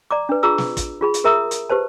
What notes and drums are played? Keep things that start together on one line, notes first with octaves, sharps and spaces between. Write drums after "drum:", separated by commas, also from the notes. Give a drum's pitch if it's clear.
D5 A#5 D6
D4 B4
F4 G#4 A#5 D6 E6
drum: snare
drum: kick, hi-hat
F4 G#4 B5
drum: hi-hat
G#4 A#4 E5 A#5 D#6 E6
drum: hi-hat
G4 B4 C5 A5